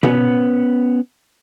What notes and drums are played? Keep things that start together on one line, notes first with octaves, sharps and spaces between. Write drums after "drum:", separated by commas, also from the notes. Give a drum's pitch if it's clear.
B3 C#4 B4, drum: tom B2